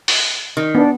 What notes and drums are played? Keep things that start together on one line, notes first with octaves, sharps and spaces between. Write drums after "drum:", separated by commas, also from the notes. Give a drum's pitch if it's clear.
drum: open hi-hat
D#3
B3 D4